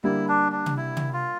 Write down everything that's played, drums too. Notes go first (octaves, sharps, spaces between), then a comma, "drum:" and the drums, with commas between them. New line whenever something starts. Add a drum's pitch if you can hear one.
D3 G3 A#3 E4
D4
D4
drum: tom
E4
drum: tom
F4